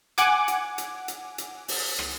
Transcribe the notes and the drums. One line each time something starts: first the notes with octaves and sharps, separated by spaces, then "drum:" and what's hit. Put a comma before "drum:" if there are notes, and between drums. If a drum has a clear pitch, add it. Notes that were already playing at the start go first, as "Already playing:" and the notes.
F#5 G#5 D6, drum: hi-hat
drum: hi-hat
drum: hi-hat
drum: hi-hat
drum: hi-hat
drum: open hi-hat
drum: rim click